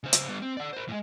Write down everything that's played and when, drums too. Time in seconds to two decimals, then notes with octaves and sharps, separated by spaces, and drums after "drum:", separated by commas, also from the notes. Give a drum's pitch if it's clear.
0.04 C#3 C5
0.13 drum: hi-hat
0.28 G3 B3
0.42 C4
0.57 D5 F#5
0.73 A#4 C5
0.88 A2 G#3